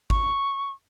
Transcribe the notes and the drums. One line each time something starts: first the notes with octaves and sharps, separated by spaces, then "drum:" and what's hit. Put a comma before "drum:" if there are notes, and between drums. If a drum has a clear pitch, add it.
C#6, drum: kick G#1